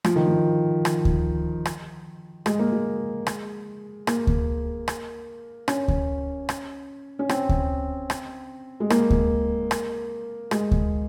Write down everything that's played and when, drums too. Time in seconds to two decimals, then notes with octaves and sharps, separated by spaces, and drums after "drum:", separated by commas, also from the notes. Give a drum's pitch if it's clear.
0.04 F3, drum: rim click
0.16 D#3
0.27 F3
0.85 drum: rim click
1.05 drum: kick D2
1.65 drum: rim click
2.46 G#3, drum: rim click
2.59 A#3
2.72 G#3
3.27 drum: rim click
4.07 A#3, drum: rim click
4.27 drum: kick D2
4.88 drum: rim click
5.68 C#4, drum: rim click
5.88 drum: kick D2
6.49 drum: rim click
7.19 C#4
7.29 C4, drum: rim click
7.49 drum: kick D2
8.10 drum: rim click
8.80 G#3
8.90 A#3, drum: rim click
9.10 drum: kick D2
9.71 drum: rim click
10.51 G#3, drum: rim click
10.71 drum: kick D2